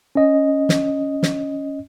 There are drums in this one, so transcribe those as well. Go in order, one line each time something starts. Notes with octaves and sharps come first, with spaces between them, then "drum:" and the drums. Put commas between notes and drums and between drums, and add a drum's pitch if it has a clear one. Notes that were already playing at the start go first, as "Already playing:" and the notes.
C#4 D#5
drum: snare
drum: snare